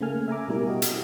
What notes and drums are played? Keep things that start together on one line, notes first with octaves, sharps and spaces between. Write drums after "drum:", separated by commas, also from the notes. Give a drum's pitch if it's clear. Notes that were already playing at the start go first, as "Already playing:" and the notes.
C#3 A3 A#3 G#5 F6
E5 G#5 A#5 D6
B2 G3 E4 A#4
F#4 G4 D#5
drum: hi-hat